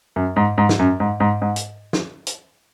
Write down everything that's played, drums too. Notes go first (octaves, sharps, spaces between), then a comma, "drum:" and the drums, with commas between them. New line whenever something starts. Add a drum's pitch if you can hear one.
F#2
G#2
G#2
drum: snare
F#2
G#2
G#2
G#2
drum: hi-hat
drum: snare
drum: hi-hat